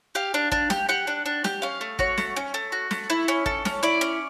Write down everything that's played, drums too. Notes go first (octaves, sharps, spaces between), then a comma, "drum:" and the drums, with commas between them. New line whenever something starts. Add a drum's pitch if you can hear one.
G4 F5
D4
D4, drum: kick
G4, drum: snare
G4 F#5
D4
D4
G4, drum: snare
C#4 F5
A3
F#4 C#5, drum: kick
A3, drum: snare
C#4
A3
F#4
A3, drum: snare
E4
C#4
A4, drum: kick
C#4, drum: snare
E4 D5
C#4